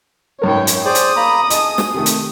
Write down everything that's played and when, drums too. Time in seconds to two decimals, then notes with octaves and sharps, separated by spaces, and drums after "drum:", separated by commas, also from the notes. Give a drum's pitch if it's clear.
0.42 G#1 F#2 A#4 C#5 G5
0.67 drum: hi-hat
0.85 G#4 C5 D5 D#6
0.95 drum: hi-hat
1.16 A#3 A#5 B5
1.50 G#4 D#5 A5, drum: hi-hat
1.78 drum: snare
1.94 C3 D#3 A3
2.06 drum: hi-hat